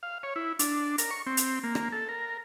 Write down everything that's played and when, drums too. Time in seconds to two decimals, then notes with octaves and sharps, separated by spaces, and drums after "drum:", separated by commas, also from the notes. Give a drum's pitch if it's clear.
0.03 F5
0.23 C#5
0.36 E4
0.59 D4, drum: hi-hat
0.98 A#4, drum: hi-hat
1.11 C#6
1.26 C4
1.37 drum: hi-hat
1.64 A#3
1.75 drum: rim click
1.92 A4
2.09 A#4